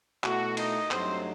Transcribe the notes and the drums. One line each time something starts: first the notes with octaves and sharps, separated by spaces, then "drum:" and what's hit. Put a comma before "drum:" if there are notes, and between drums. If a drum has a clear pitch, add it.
B2 A3 E4 F#4, drum: clap
D#4 D#5, drum: cymbal
G2 F#3 A3 C4 D#4 C5, drum: clap